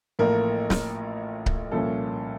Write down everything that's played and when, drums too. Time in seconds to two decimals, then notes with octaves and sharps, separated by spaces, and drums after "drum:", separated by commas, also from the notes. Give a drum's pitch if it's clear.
0.19 A1 A2 F3 A#3 A#4
0.70 drum: snare
1.46 drum: kick C#1
1.71 C2 A#2 F3 A#3 C#4 A4